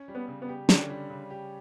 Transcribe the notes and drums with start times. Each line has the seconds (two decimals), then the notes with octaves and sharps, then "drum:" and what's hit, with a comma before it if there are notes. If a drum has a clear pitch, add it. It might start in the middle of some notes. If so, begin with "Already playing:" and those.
Already playing: C#4
0.08 G3
0.15 B3
0.28 C#3
0.42 B3
0.49 G4
0.69 D3 C#4 D4, drum: snare
0.89 G3
1.10 C#3
1.30 G4